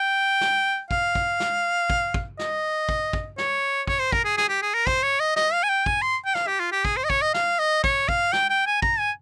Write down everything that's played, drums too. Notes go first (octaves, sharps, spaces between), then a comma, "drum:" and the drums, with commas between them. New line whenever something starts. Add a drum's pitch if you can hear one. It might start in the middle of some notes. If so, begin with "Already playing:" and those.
Already playing: G5
drum: snare
F5, drum: kick
drum: kick
drum: snare
drum: kick
drum: kick
D#5, drum: snare
drum: kick
drum: kick
C#5, drum: snare
C#5, drum: kick
C5
A#4, drum: kick
G#4
G#4, drum: snare
G4
G#4
A#4
C5, drum: kick
C#5
D#5
D#5, drum: snare
F5
G#5
G5
G#5, drum: kick
C6
G5
F5, drum: snare
G4
F4
G4
G#4, drum: kick
C5
D#5
C#5, drum: kick
D#5
F5, drum: snare
D#5
C#5, drum: kick
F5, drum: kick
G5, drum: snare
G5
G#5
A#5, drum: kick
G#5